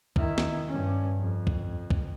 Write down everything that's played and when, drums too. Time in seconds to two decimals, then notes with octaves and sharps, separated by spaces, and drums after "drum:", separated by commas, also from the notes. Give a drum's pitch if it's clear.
0.16 D#3 E4, drum: kick
0.38 drum: snare
0.67 G2 C#4
1.19 F2
1.47 drum: kick
1.90 drum: kick